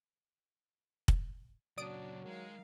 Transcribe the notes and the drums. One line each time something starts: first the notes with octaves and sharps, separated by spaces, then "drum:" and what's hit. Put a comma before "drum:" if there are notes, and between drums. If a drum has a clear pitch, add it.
drum: kick
A#2 C#3 F#3 D4 F#4 D5 D#6 D7
D#3 G#3 F5